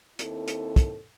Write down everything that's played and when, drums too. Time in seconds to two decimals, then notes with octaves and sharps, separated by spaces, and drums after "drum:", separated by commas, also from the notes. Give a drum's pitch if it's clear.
0.19 D#2 C4 E4 A4, drum: hi-hat
0.48 drum: hi-hat
0.76 drum: kick, hi-hat